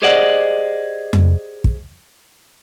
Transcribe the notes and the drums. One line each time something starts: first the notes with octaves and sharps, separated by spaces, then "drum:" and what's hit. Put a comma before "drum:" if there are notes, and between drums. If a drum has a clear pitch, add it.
G4 G#4 C5 D5 D#5 F#5
drum: tom F2
drum: kick